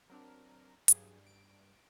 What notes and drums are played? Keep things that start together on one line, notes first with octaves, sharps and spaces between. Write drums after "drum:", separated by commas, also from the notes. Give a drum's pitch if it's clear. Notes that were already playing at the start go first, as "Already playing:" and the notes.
F#3 C4 D4 A#4
G2 F#3 G#4, drum: hi-hat
D7